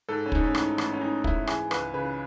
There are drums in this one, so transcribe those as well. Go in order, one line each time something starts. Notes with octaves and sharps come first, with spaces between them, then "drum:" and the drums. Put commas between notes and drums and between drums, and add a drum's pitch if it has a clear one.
G#2 A4
C#4
G#2 D#4, drum: kick
C#4
A1, drum: rim click
D#4
A1, drum: rim click
C#4
A1 D#4
G#2 E4, drum: kick
E3 G#4, drum: rim click
C#2 B4, drum: rim click
C#3 B4